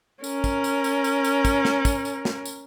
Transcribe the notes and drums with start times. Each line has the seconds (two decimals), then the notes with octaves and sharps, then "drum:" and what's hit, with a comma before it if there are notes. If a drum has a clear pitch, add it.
0.24 C#4 A#4, drum: tambourine
0.44 drum: kick, tambourine
0.64 drum: tambourine
0.84 drum: tambourine
1.04 drum: tambourine
1.24 drum: tambourine
1.45 drum: kick, tambourine
1.65 drum: snare
1.85 drum: kick, tambourine
2.05 drum: tambourine
2.25 drum: snare
2.45 drum: tambourine